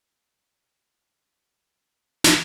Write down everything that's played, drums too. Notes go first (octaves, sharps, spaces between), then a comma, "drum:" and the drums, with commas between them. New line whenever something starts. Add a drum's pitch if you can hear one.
E2 D3
drum: snare